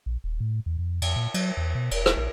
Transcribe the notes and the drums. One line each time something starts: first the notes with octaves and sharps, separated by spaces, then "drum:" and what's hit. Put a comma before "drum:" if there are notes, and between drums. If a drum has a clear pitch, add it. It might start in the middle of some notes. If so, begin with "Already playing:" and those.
A#1
D#1
A2
E2
F2
F2, drum: cymbal
A#2
F#3, drum: cymbal
E2
B2
E1, drum: cymbal
drum: rim click
A#1